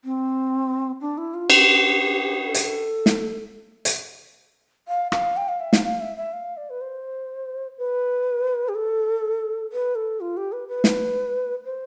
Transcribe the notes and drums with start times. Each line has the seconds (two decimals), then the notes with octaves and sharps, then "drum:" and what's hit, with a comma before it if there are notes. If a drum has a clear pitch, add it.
0.05 C4
1.01 D4
1.18 E4
1.34 F4
1.50 G4, drum: cymbal
2.46 A4
2.54 G4, drum: hi-hat
2.64 A4
3.06 drum: snare
3.85 drum: hi-hat
4.88 F5
5.12 F5, drum: rim click
5.37 G5
5.49 F5
5.60 E5
5.73 F5, drum: snare
5.84 F5
6.01 E5
6.17 E5
6.33 F5
6.57 D5
6.70 B4
6.81 C5
7.78 B4
8.69 G4
8.75 A4
9.72 B4
9.95 A4
10.20 F4
10.37 G4
10.52 B4
10.68 B4
10.84 drum: snare
11.65 C5